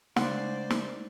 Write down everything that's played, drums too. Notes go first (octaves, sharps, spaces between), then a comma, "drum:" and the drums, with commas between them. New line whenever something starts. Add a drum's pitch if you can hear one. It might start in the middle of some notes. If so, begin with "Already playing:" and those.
C#3 G#3 A3 D4 C5 D5 F#5 C6, drum: snare
drum: snare